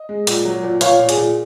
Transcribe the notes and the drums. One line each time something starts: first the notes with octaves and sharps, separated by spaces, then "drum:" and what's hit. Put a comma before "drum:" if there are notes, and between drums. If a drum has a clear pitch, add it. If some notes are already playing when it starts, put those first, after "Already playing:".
Already playing: D#5
G#3
A#2, drum: hi-hat
F#3
A#2
A#2 C#5 F5, drum: hi-hat
A#2
G#4, drum: hi-hat
A#2